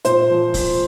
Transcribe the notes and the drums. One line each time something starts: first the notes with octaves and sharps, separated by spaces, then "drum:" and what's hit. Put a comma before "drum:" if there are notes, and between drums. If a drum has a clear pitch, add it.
A#2 C5, drum: hi-hat
F3
A#2, drum: kick, open hi-hat